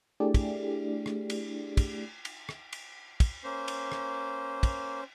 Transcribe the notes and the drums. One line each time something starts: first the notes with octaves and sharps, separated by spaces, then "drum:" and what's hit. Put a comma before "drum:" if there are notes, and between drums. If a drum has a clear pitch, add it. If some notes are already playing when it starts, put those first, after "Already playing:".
A3 D4 E4 G4 G#4 D5
drum: kick, cymbal
drum: rim click
drum: cymbal
drum: kick, cymbal
drum: cymbal
drum: rim click
drum: cymbal
drum: kick, cymbal
A#3 C#4 C5
drum: cymbal
drum: rim click
drum: kick, cymbal